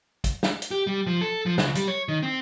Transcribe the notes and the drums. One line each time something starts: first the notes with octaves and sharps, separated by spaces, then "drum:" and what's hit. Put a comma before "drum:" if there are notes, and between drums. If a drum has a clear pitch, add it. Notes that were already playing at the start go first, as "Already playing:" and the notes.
drum: kick, hi-hat
drum: snare
drum: hi-hat
G4
G3
F3
A4
F3
C#2, drum: snare
G3, drum: hi-hat
C#5
D#3
C4